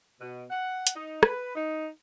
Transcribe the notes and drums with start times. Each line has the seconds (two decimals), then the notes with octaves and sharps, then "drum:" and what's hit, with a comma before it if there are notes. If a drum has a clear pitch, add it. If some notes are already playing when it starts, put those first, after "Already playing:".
0.20 B2
0.51 F#5
0.87 drum: hi-hat
0.96 D#4
1.23 B4, drum: rim click
1.56 D#4